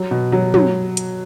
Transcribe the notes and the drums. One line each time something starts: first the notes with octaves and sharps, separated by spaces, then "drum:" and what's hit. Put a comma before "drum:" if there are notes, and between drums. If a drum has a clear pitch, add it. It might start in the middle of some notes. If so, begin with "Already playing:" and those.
Already playing: F#3
B2
F#3
F#3, drum: tom
drum: hi-hat